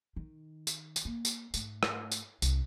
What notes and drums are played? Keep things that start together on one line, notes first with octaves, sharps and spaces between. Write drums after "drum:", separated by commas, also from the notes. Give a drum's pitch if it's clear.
D#3
drum: tambourine
drum: tambourine
A#3
drum: tambourine
G#2 A3, drum: tambourine
drum: rim click
drum: tambourine
C2, drum: tambourine